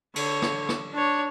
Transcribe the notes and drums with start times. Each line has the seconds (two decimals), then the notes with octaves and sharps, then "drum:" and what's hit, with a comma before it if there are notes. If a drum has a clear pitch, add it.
0.16 D3 C#5, drum: cymbal
0.42 drum: rim click
0.69 drum: rim click
0.93 D4 C#5